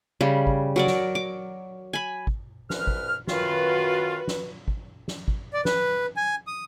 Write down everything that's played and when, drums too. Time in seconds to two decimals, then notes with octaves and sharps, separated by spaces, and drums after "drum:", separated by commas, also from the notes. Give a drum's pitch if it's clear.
0.21 C#3 G3
0.47 drum: kick
0.76 F#3 A#4 D5
0.87 drum: snare
1.15 D6
1.93 G#5 B5
2.27 drum: kick
2.70 C2 B4 F6, drum: snare
2.87 drum: kick
3.27 F#2 D#3 F4 F#4 B4, drum: snare
4.28 drum: snare
4.68 drum: kick
5.08 drum: snare
5.28 drum: kick
5.53 D5
5.65 B4, drum: snare
6.17 G#5
6.47 D#6